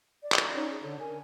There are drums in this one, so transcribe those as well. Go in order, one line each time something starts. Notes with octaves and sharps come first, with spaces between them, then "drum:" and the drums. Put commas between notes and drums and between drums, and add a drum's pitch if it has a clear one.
D5
drum: clap
C#4 D#4
G#4
D3 A4
A#4 G#5